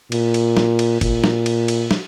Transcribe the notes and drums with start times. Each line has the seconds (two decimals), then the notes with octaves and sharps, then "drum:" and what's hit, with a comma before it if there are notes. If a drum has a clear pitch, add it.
0.12 A#2, drum: cymbal
0.34 drum: cymbal
0.57 drum: snare
0.79 drum: cymbal
1.01 A#2, drum: kick, cymbal
1.24 drum: snare
1.46 drum: cymbal
1.68 drum: cymbal
1.91 drum: snare